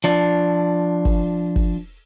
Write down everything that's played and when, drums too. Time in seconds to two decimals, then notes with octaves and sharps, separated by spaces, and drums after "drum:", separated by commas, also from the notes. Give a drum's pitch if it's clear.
0.04 F3 D4
1.05 drum: kick
1.56 drum: kick